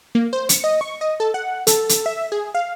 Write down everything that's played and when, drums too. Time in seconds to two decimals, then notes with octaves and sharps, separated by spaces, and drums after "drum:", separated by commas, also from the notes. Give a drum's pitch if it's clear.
0.15 A#3
0.33 C5
0.49 C#7, drum: hi-hat
0.64 D#5
0.81 C#6
1.01 D#5
1.20 A4
1.34 F#5
1.67 A4, drum: hi-hat
1.89 drum: hi-hat
2.06 E5
2.32 G#4
2.54 F5